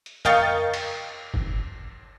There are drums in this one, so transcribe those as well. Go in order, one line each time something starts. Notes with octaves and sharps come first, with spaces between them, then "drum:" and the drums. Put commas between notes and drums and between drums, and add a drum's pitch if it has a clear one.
drum: hi-hat
A#4 D#5 F5 G5 C#6 A6, drum: tom F2
drum: cymbal
drum: kick F#1